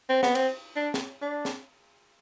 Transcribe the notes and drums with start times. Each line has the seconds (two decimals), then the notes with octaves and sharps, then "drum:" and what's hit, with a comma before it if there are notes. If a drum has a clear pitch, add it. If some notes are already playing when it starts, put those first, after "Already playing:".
0.09 C4
0.23 B3, drum: snare
0.35 C4, drum: cymbal
0.76 D4
0.94 drum: snare
1.22 D4
1.45 drum: snare